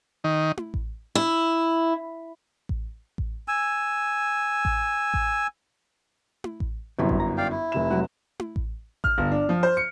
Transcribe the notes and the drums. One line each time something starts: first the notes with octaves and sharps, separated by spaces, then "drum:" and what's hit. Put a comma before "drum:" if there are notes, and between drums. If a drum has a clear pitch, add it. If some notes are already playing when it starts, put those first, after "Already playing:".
D#3
drum: tom E4
drum: kick A1
E4
drum: kick A1
drum: kick A1
G#5 E6
drum: kick A1
drum: kick A1
drum: tom E4
drum: kick A1
G1 F#2 C3 F#3 E4
drum: kick A1
A#5
D5 F5 G5
E4
F1 C3 E7
F#3 G#3 F#4
drum: tom E4
drum: kick A1
F6, drum: kick A1
G1
D4
F3
C5
C#7